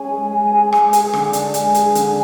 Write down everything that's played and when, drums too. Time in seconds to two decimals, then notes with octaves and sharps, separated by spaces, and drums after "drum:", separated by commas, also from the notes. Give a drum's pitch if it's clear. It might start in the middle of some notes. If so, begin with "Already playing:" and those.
Already playing: G#3 C#4 G#4 G#5
0.12 G#3
0.31 G#3
0.51 G#4
0.72 G#3, drum: rim click
0.93 G#4, drum: hi-hat
1.13 D3, drum: rim click
1.33 D4, drum: hi-hat
1.54 G#3 G#5, drum: hi-hat
1.74 G#4, drum: hi-hat
1.95 D3, drum: hi-hat